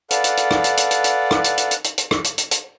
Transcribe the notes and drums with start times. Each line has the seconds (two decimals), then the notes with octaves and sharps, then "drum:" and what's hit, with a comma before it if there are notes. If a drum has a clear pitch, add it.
0.11 A4 B4 D5 F5 F#5, drum: hi-hat
0.24 drum: hi-hat
0.37 drum: hi-hat
0.51 drum: rim click
0.64 drum: hi-hat
0.77 drum: hi-hat
0.91 drum: hi-hat
1.04 drum: hi-hat
1.31 drum: rim click
1.44 drum: hi-hat
1.58 drum: hi-hat
1.71 drum: hi-hat
1.84 drum: hi-hat
1.98 drum: hi-hat
2.11 drum: rim click
2.24 drum: hi-hat
2.38 drum: hi-hat
2.51 drum: hi-hat